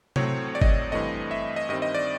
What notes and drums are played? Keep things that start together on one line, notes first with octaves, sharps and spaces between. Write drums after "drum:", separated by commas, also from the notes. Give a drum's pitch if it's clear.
A2 F#3 A3 C4 C#5, drum: tom C3
D5
D#5, drum: kick G1
D5
G2 E3 A3 C4 D#5
E5
D#5
G2 D#3 G3 C4 D#5
D#5
D5